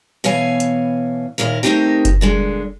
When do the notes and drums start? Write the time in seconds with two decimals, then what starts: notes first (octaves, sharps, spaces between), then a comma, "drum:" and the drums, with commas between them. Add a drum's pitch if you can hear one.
0.24 B2 E3 C#5 F5 G#5
0.60 drum: hi-hat
1.38 D#2 A#2 E4 A#4 F5
1.63 A3 C4 C#4 D#4 G4 A#4
2.05 drum: kick F#1, hi-hat
2.21 A#2 D3 G#3